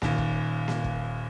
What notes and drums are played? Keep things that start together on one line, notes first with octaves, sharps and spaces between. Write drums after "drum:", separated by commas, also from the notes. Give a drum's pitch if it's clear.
D#1 D#2, drum: snare A#3
drum: kick
drum: snare A#3
drum: kick